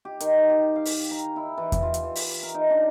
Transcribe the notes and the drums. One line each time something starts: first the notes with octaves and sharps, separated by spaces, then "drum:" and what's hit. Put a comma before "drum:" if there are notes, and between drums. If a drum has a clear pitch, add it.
G4
D#3, drum: hi-hat
G4
F5
drum: open hi-hat
A#5
E4
E3
drum: kick E2, hi-hat
F4
drum: hi-hat
E3
drum: open hi-hat
A#4
D#4
D4